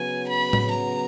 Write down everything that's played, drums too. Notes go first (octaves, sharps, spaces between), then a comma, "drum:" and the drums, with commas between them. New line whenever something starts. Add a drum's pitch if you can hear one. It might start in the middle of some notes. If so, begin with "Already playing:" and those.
Already playing: C#3 F#3 B3 G#5
B5
drum: tom A2
A#5